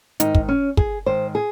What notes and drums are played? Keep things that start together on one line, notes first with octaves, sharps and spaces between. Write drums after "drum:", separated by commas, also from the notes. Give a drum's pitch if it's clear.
G#2 D#3 D#4, drum: hi-hat
drum: kick
C#4
G#4, drum: kick
G#2 D#3 C5
G#4